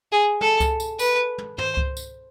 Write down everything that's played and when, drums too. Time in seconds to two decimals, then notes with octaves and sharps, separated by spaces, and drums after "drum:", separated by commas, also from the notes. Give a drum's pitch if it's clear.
0.12 G#4
0.41 A4, drum: tom
0.60 drum: kick C#2, tambourine
0.80 drum: tambourine
0.99 B4, drum: tambourine
1.38 drum: tom
1.58 C5, drum: tom
1.77 drum: kick C#2
1.97 drum: tambourine